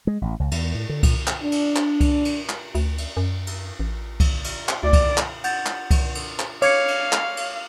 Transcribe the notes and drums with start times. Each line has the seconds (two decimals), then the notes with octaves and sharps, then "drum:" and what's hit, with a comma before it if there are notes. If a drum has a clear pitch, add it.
0.07 G#3
0.22 A1
0.40 C#2
0.51 E2, drum: cymbal
0.74 A2
0.89 D3
1.03 A#2, drum: kick C2, cymbal
1.27 drum: clap
1.42 D4
1.52 drum: cymbal
1.76 drum: clap
2.01 drum: kick C2, cymbal
2.25 drum: cymbal
2.49 drum: clap
2.75 D2, drum: cymbal
2.98 drum: cymbal
3.17 F#2
3.47 drum: cymbal
3.80 A1
4.20 drum: kick C2, cymbal
4.44 drum: cymbal
4.69 drum: clap
4.83 D2 D5
4.93 drum: kick C2, cymbal
5.17 drum: clap
5.44 F#5 G6 A6, drum: cymbal
5.66 drum: clap
5.91 drum: kick C2, cymbal
6.15 drum: cymbal
6.39 drum: clap
6.62 C#5 F5 D6 G#6 C#7, drum: cymbal
6.88 drum: cymbal
7.12 drum: clap
7.37 drum: cymbal